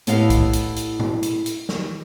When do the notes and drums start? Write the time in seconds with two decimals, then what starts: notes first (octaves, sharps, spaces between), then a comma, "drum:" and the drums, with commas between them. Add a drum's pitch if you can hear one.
0.07 A2 B3 E4 G4 D#5 F5, drum: hi-hat
0.30 drum: kick, hi-hat
0.53 drum: hi-hat
0.76 drum: hi-hat
0.99 drum: tom A#2
1.23 drum: hi-hat
1.46 drum: hi-hat
1.69 drum: snare